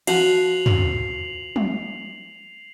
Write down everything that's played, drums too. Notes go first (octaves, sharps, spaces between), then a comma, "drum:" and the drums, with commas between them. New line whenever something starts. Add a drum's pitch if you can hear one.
F3 F#4 C7 F7 F#7, drum: cymbal
drum: tom
drum: tom